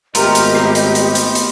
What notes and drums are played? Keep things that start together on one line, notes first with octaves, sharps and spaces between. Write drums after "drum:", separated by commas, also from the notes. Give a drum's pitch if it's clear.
G#1 A3 B3 F4 G4 A#4 D#5, drum: hi-hat
drum: hi-hat
drum: rim click
drum: hi-hat
drum: hi-hat
drum: hi-hat
drum: hi-hat